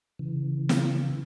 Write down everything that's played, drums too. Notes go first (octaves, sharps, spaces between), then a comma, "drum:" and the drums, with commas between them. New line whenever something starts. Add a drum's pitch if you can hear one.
C#3 E3
drum: snare